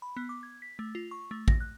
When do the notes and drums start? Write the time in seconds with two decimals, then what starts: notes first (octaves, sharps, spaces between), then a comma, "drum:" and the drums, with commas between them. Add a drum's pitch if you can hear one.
0.02 B5
0.17 B3
0.29 D6
0.43 G#6
0.62 B6
0.79 A3
0.95 F4
1.11 C#6
1.31 A3
1.48 A#6, drum: kick
1.60 F#6